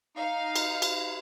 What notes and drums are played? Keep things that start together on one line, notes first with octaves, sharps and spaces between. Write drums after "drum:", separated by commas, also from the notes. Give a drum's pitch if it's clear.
D#4 F5
drum: cymbal
drum: cymbal